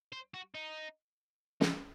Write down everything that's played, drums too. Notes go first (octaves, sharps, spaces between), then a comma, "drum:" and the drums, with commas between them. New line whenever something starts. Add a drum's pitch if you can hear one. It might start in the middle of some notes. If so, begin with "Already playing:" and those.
C5
F#4
D#4
D#4, drum: snare